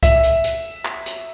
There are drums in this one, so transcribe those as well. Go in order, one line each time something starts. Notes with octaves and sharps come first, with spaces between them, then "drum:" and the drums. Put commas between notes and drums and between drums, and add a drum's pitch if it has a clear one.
E5, drum: kick C2, hi-hat
drum: hi-hat
drum: hi-hat
drum: clap
drum: hi-hat